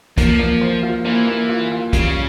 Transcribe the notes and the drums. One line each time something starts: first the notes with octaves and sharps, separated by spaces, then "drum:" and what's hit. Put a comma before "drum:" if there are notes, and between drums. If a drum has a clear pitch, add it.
F3 A#3, drum: kick, hi-hat
A#3
C5
F4
E3 A#3
A#3
F4
F4
C#3 G3, drum: kick, hi-hat